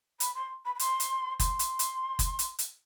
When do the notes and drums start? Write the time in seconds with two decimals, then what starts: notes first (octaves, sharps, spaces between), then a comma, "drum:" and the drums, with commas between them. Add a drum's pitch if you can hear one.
0.20 B5, drum: hi-hat
0.35 C6
0.65 B5
0.75 B5
0.79 C6, drum: hi-hat
1.00 drum: hi-hat
1.40 C6, drum: kick F#1, hi-hat
1.59 drum: hi-hat
1.79 drum: hi-hat
2.19 drum: kick F#1, hi-hat
2.39 drum: hi-hat
2.59 drum: hi-hat